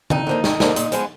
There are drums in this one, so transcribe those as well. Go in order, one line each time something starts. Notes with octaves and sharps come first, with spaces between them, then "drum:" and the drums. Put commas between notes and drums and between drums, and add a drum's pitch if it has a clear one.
F2 D#4, drum: tom D3
D3 F3 A#3
F2, drum: snare
D3 F3 A#3, drum: snare
A#2, drum: hi-hat
F3 G#3 B3, drum: hi-hat